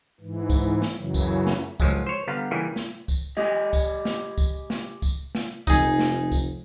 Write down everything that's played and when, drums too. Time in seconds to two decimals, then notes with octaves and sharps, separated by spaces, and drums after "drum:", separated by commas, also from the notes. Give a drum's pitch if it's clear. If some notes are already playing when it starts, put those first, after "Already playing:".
0.20 G#2 E3
0.50 drum: kick, tambourine
0.82 drum: snare
0.96 F#2 C#3 E3 F#3
1.14 drum: kick, tambourine
1.47 drum: snare
1.80 C#2 A2 F3 F#3 G#3, drum: kick, tambourine
2.07 C5 C#5
2.27 D3 G3 B3 F5 A#5
2.51 C#3 E3 G3 A#3 E4 G#4
2.76 drum: snare
3.08 drum: kick, tambourine
3.37 G#3 G4 D#5
3.73 drum: kick, tambourine
4.05 drum: snare
4.38 drum: kick, tambourine
4.70 drum: snare
5.02 drum: kick, tambourine
5.35 drum: snare
5.67 F1 D#4 G#4, drum: kick, tambourine
5.99 drum: snare
6.32 drum: kick, tambourine